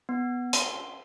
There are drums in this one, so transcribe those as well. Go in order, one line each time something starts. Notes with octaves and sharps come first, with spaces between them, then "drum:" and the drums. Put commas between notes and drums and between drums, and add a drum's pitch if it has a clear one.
B3
C6, drum: hi-hat